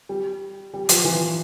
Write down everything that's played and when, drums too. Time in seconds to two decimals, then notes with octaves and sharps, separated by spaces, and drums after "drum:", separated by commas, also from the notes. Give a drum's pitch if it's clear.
0.09 G3
0.74 G3
0.89 F3, drum: hi-hat
1.04 E3